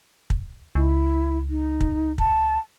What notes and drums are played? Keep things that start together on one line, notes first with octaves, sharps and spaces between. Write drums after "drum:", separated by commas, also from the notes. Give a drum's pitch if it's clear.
drum: kick
C#2 E4
D#4
drum: kick
A5, drum: kick